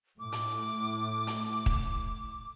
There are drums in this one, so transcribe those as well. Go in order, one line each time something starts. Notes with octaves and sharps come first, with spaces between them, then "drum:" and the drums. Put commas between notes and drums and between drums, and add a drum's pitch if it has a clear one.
A2 D6
drum: hi-hat
drum: hi-hat
drum: kick